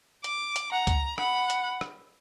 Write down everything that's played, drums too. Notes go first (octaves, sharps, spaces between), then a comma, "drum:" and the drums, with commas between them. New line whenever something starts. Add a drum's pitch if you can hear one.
D6, drum: hi-hat
drum: hi-hat
F#5 A#5
drum: kick C#2, hi-hat
F#5 B5, drum: rim click
drum: hi-hat
drum: rim click